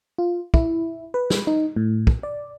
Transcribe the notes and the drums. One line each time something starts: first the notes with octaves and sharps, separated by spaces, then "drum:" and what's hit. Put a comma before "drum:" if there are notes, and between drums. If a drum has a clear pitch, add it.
F4
E4, drum: kick
B4
drum: snare
D#4
A2
drum: kick
D5